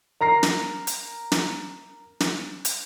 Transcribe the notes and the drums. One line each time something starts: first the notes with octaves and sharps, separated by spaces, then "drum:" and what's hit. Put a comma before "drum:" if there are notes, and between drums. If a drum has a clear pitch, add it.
A#4 A#5 A#6 C7
drum: snare
drum: hi-hat
drum: snare
drum: snare
drum: hi-hat